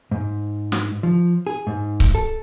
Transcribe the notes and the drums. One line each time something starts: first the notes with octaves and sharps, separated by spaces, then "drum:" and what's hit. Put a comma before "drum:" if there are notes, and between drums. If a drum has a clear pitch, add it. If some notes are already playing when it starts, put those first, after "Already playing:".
G#2
drum: snare
F3
G#4
G#2
drum: kick C#1
A4